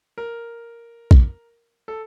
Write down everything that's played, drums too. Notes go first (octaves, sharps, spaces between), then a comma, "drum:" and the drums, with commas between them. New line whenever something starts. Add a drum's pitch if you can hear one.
A#4
drum: kick A#1
A4